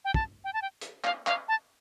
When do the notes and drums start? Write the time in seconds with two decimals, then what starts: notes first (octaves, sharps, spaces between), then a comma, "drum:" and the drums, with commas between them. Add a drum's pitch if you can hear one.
0.05 G5
0.14 A5, drum: kick
0.44 G5
0.53 A5
0.62 G5
0.81 drum: hi-hat
1.04 F5, drum: clap
1.27 F5, drum: clap
1.48 A5